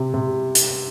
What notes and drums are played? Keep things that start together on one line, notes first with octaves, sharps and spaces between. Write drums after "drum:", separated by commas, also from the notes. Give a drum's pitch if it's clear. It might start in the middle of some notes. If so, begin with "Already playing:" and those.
Already playing: C3
C3
drum: hi-hat